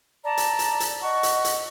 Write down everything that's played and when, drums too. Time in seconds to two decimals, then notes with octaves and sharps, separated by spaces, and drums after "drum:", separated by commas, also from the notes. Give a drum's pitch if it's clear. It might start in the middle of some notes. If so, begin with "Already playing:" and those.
0.24 D5 A5 A#5
0.37 drum: hi-hat
0.59 drum: hi-hat
0.80 drum: hi-hat
1.02 D#5 F#5 C#6
1.23 drum: hi-hat
1.45 drum: hi-hat